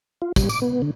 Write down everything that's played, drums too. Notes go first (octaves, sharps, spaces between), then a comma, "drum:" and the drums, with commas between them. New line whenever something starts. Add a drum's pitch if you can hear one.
F4
G3, drum: kick, tambourine
D6, drum: tambourine
B3
D3